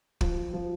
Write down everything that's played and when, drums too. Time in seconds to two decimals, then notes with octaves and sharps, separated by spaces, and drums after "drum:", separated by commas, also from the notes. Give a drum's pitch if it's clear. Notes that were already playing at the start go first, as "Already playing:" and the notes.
0.21 F3, drum: kick
0.53 F3